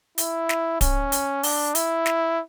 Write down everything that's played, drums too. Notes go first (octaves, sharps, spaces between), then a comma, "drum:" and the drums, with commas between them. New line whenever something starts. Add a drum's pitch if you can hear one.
E4, drum: hi-hat
drum: snare
C#4, drum: kick D1, hi-hat
drum: hi-hat
D4, drum: open hi-hat
E4, drum: hi-hat
drum: snare